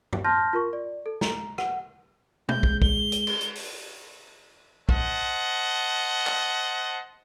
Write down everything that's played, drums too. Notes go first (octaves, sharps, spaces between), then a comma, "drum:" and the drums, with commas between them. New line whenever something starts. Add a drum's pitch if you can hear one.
drum: tom G2
A5 C6 F6 G6 A#6
F4 A#4 C#6
D5
A4
A#5, drum: snare
F#5, drum: rim click
G#3 G6, drum: tom
drum: kick
G7, drum: kick
drum: hi-hat
drum: cymbal
drum: hi-hat
drum: open hi-hat
C5 D#5 F#5 A5, drum: kick
drum: clap